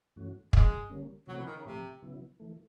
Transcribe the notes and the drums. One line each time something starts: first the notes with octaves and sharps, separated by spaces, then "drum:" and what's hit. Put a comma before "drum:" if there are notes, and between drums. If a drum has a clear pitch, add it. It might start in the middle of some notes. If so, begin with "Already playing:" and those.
G2 E3 A3 C#4 F#4
E2 C3 F3 G#3, drum: kick
D3 G3 A#3 C#4
C3 F3 F#3 A3 C4
E3
D#3
C#3
A2 C3 F3 A3
C#3 F#3 B3 E4
E3 A3